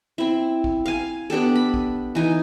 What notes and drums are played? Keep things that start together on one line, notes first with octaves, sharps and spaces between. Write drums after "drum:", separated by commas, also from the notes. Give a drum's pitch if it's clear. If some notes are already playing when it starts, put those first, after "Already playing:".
C4 E4
drum: kick G#1
F5 G#5
B3 D4 G4 A4
B5
drum: kick G#1
E3 D#4 G#5